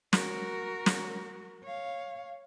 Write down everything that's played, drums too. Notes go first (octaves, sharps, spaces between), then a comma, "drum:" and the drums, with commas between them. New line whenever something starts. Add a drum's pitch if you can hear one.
F#4 A#4, drum: snare
drum: snare
C#5 F5